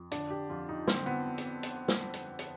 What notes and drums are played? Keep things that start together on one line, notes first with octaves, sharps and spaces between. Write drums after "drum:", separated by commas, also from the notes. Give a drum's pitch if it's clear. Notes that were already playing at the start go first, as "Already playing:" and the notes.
Already playing: F2
D3 D4, drum: hi-hat
G4
F2 F4
D#4
D3 C4, drum: snare
B3
drum: hi-hat
drum: hi-hat
drum: snare
drum: hi-hat
drum: hi-hat